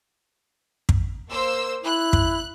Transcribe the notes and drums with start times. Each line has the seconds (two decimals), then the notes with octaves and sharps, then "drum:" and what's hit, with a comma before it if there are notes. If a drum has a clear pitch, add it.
0.89 drum: kick
1.30 A#3 C5 E6
1.84 E4 F#6
2.13 drum: kick